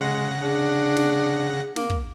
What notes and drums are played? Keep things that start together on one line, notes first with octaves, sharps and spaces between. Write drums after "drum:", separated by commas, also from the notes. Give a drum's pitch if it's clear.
C#3 G#3 F#5 A#6
D4 G#4
drum: snare
A#3, drum: snare
drum: kick